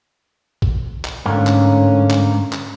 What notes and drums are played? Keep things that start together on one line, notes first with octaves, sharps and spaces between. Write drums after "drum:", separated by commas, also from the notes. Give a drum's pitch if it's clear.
drum: kick
drum: clap
G#2 D3 A3 A#3 C#4
drum: clap
drum: clap
drum: clap